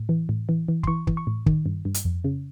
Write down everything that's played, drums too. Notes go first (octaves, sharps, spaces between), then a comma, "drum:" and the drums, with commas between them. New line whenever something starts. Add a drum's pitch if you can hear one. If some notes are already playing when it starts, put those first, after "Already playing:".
Already playing: A2
E3
A2
E3
E3
C6, drum: kick
E3 C#6
E3, drum: kick
C#6
A2
D#3, drum: kick
G2
G2
drum: hi-hat
F2
C#3